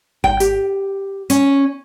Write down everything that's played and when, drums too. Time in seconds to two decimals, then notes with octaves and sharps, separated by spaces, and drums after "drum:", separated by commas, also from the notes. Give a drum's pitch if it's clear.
0.24 G5, drum: kick G#1
0.40 G4, drum: hi-hat
1.30 C#4, drum: hi-hat